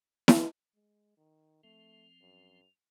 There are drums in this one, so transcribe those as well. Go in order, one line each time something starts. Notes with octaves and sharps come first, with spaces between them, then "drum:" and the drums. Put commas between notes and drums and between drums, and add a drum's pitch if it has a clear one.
drum: snare E4
G#3
D#3
F3 A3 C4 F7
F#2